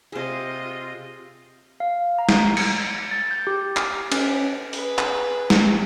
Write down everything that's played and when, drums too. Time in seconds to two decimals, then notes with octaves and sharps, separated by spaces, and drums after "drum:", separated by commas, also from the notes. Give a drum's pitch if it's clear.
0.12 C3 F4 G#4 D#5
1.80 F5
2.19 A#5
2.29 drum: snare
2.57 C#7, drum: cymbal
3.11 A6
3.31 G6
3.47 G4
3.77 F6, drum: clap
4.12 C#4, drum: cymbal
4.73 G#4 B4, drum: open hi-hat
4.98 drum: clap
5.50 drum: snare